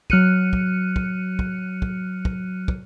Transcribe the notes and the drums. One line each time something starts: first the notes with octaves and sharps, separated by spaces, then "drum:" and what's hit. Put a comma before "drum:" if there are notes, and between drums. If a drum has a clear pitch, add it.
F#3 F6 F#6 C#7 D#7, drum: kick
drum: kick
drum: kick
drum: kick
drum: kick
drum: kick
drum: kick